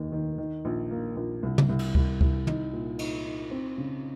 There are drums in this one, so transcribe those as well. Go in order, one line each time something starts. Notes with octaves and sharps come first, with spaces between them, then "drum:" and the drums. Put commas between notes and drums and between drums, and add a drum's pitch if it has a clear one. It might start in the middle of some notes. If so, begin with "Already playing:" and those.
Already playing: F1 D#2 D#3
D#3
D#3
A#1
A#3
A#1
C2
drum: tom
C2
drum: cymbal
C2, drum: kick C#2
C2, drum: kick C#2
D#4, drum: tom
A#2
D#4, drum: cymbal
D#4
C4
C#3